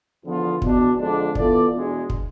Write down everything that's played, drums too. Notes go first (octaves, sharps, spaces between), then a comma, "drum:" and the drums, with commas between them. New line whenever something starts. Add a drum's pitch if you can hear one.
E2 D3 F3 B3 F4
E2 B2 B3 D4, drum: kick
F2 D3 G#3 D4
E3 B3 F4 A4 D5, drum: kick
E2 B2 G#3 D4
drum: kick